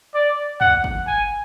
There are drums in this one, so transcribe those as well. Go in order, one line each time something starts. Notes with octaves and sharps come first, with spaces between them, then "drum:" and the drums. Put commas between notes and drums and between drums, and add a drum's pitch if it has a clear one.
D5
F#5, drum: tom
drum: kick
G#5